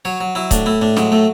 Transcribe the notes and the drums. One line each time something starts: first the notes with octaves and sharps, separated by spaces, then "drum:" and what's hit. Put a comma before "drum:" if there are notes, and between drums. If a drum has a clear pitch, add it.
F#3 C#5
F#3
F#3 E4
A2 D4, drum: kick, hi-hat
A2 E4
A2 D4
F#3 G#3, drum: snare
A2 A3